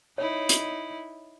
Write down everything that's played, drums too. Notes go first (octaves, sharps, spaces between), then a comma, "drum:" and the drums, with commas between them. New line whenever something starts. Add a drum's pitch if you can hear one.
D#4 E4 C#5
drum: hi-hat